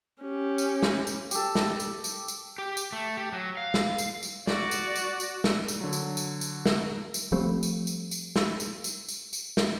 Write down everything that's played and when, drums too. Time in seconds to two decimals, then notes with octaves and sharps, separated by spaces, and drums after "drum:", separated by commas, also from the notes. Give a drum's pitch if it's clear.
0.22 C#4 G4
0.58 drum: tambourine
0.83 drum: snare
1.07 drum: tambourine
1.31 G4 A4, drum: tambourine
1.55 drum: snare
1.80 drum: tambourine
2.04 drum: tambourine
2.28 drum: tambourine
2.58 G4
2.77 drum: tambourine
2.92 A3
3.17 G4
3.32 F#3
3.57 F5
3.74 drum: snare
3.98 drum: tambourine
4.23 drum: tambourine
4.47 F#4 D5, drum: snare
4.71 drum: tambourine
4.96 drum: tambourine
5.20 drum: tambourine
5.44 drum: snare
5.68 drum: tambourine
5.81 D3 F#3
5.93 drum: tambourine
6.17 drum: tambourine
6.41 drum: tambourine
6.66 drum: snare
7.14 drum: tambourine
7.32 F3 G3 A3 C4
7.63 drum: tambourine
7.87 drum: tambourine
8.11 drum: tambourine
8.36 drum: snare
8.60 drum: tambourine
8.84 drum: tambourine
9.08 drum: tambourine
9.33 drum: tambourine
9.57 drum: snare